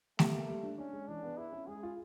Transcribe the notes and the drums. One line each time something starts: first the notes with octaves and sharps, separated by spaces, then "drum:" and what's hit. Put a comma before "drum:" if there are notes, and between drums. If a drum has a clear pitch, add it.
A3 G4, drum: snare A3
A#3
G3
D4
C#4 D4
G#3
E3 D4
B3
E4 G#4
C#4
G#3 G#4
F4